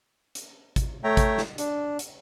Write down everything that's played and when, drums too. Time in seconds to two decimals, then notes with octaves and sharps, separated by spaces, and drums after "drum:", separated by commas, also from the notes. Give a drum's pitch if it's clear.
0.35 drum: hi-hat
0.76 drum: kick, hi-hat
1.04 A3 C#5 E5 G5 A#5
1.17 drum: kick, hi-hat
1.38 drum: snare
1.58 D4, drum: hi-hat
1.99 drum: hi-hat